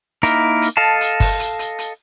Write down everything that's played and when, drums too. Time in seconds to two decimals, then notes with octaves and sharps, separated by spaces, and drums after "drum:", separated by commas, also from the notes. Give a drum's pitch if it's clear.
0.23 A#3 D#4 E4 A#4, drum: hi-hat
0.62 drum: hi-hat
0.77 A4 D#5 F5 A5
1.01 drum: hi-hat
1.20 drum: kick, open hi-hat
1.40 drum: hi-hat
1.59 drum: hi-hat
1.78 drum: hi-hat